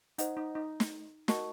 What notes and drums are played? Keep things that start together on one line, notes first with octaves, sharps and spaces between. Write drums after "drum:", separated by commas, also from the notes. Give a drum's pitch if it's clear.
D#4 C5 D#5 F#5, drum: hi-hat
D#4
D#4
drum: snare
F#4 A#4 D#5 A5 C#6, drum: snare